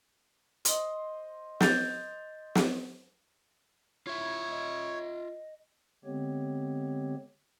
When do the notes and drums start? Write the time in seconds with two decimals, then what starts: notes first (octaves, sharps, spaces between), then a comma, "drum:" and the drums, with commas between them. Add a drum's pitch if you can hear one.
0.65 C5 D#5, drum: hi-hat
1.61 G6 A6 F7, drum: snare
2.55 drum: snare
4.07 E4 F4 C#5 E5
4.50 D#5
6.05 D3 G#3 B3 C4 G4 C#5